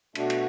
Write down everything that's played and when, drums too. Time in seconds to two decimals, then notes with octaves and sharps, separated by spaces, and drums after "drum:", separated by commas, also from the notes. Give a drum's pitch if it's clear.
0.15 B2 A3 D4 F#4, drum: cymbal
0.30 drum: cymbal